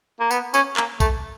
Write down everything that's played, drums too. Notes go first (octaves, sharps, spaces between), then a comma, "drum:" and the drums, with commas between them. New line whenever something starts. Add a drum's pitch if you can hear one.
A#3
B3, drum: tambourine
C#4, drum: tambourine
A#3, drum: clap
A3, drum: kick, tambourine